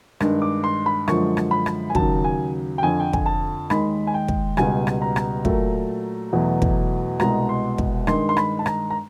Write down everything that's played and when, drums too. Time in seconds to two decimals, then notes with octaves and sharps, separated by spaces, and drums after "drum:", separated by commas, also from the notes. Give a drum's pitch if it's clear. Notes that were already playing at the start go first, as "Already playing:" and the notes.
0.20 G2 D#3 G#3, drum: rim click
0.42 D6
0.64 C6
0.86 B5
1.08 F#2 D3 F3 G#3 C#6, drum: rim click
1.37 drum: rim click
1.51 B5
1.66 drum: rim click
1.90 G#5
1.95 D#2 C#3 F#3 A5, drum: kick
2.24 G#5
2.78 G5
2.82 F2 D3 F3 G#5
3.00 G5
3.13 G#5, drum: kick
3.26 A5
3.70 D#2 D#3 G#3 B5, drum: rim click
4.07 G#5
4.14 G5
4.28 drum: kick
4.57 C#2 B2 G3 G#5, drum: rim click
4.87 drum: rim click
5.02 A#5
5.16 drum: rim click
5.45 A#2 F#3 A3, drum: kick
6.33 E2 B2 F#3 A3
6.62 drum: kick
7.20 C2 B2 G#3 A#5, drum: rim click
7.49 C6
7.78 drum: kick
8.07 G2 D#3 G#3 C6, drum: rim click
8.29 C6
8.37 B5, drum: rim click
8.59 A5
8.66 A#5, drum: rim click
8.90 A#5